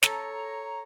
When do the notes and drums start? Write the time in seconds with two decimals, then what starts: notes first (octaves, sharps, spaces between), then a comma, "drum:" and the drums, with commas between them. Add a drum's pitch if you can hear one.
0.03 A4 C#5 A#5, drum: snare